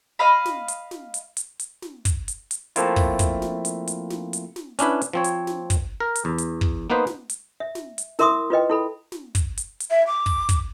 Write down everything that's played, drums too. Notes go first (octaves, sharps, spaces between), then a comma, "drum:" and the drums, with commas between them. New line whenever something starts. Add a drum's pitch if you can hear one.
D#5 F5 B5
drum: snare
drum: hi-hat
drum: snare
drum: hi-hat
drum: hi-hat
drum: hi-hat
drum: snare
drum: kick, hi-hat
drum: hi-hat
drum: hi-hat
F3 A3 A#3 C4 E4 F4, drum: hi-hat
drum: kick, open hi-hat
drum: kick, hi-hat
drum: snare
drum: hi-hat
drum: hi-hat
drum: snare
drum: hi-hat
drum: snare
C#4 D4 E4 B4, drum: hi-hat
drum: hi-hat
F3 C4 C#5
drum: hi-hat
drum: snare
drum: kick, hi-hat
A#4
drum: hi-hat
E2
drum: hi-hat
drum: kick
A#3 B3 D#4 B4 C5
drum: snare
drum: hi-hat
E5
drum: snare
drum: hi-hat
E4 A#4 E5 C6 D6 D#6, drum: snare
F4 B4 D#5 G5
E4 A4 B5
drum: snare
drum: kick, hi-hat
drum: hi-hat
drum: hi-hat
E5
D6
drum: kick, open hi-hat
drum: kick, hi-hat